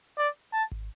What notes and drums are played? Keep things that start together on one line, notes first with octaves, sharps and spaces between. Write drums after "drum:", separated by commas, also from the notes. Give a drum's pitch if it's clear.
D5
A5, drum: hi-hat
drum: kick G#1